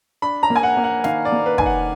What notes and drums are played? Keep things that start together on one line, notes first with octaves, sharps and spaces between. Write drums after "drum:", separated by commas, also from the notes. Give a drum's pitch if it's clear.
D4 B5
A#5
A#3
G#5
F#5
A#3
F#5
D#3 F5, drum: snare
D5
A#3
B4
D#3 G#5, drum: kick
F#5